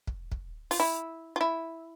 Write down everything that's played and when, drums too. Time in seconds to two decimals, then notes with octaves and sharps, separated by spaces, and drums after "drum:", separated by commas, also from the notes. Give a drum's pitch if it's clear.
0.07 drum: kick
0.32 drum: kick
0.71 F4, drum: open hi-hat
0.80 E4
1.36 F4
1.41 E4